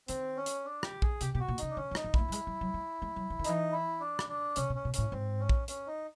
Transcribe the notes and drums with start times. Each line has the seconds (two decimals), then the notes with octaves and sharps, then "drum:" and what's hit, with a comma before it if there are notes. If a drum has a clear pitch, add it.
0.08 D#3 C4, drum: hi-hat
0.37 C#4
0.46 drum: hi-hat
0.65 D4
0.83 G4, drum: rim click
1.02 G#4, drum: kick A#1
1.21 C3 G4, drum: hi-hat
1.34 B2 G4
1.40 F#4
1.48 A#2
1.58 C#3 D#4, drum: hi-hat
1.70 D4
1.77 D3 C#4
1.91 D#3
1.95 D#4, drum: rim click
2.04 D#3
2.14 A3 E4, drum: kick A#1
2.28 G3
2.32 G#3, drum: hi-hat
2.47 G3
2.61 F#3
2.74 G#3
3.02 G#3
3.16 F#3
3.30 E3
3.39 D#3
3.44 E3 D#4, drum: hi-hat
3.72 E4
4.01 D4
4.19 drum: rim click
4.29 D4
4.56 C3 C#4, drum: hi-hat
4.70 B2
4.75 C#4
4.85 B2
4.94 A2 C#4, drum: hi-hat
5.12 G#2 C4
5.40 C#4
5.49 drum: kick A#1
5.68 C#4, drum: hi-hat
5.87 D#4